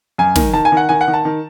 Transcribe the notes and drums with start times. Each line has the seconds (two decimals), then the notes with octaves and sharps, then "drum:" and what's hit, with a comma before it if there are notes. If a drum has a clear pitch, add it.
0.18 F#2 G#5
0.36 D#3, drum: snare
0.53 D#3 A5
0.65 G#5
0.72 D#3 F#5
0.89 D#3 G#5
1.01 F#5
1.08 D#3
1.14 A5
1.25 D#3